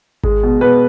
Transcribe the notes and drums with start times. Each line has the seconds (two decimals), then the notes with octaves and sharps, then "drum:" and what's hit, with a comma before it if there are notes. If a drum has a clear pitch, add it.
0.23 G#3, drum: kick G#1
0.43 B2
0.61 B2 B4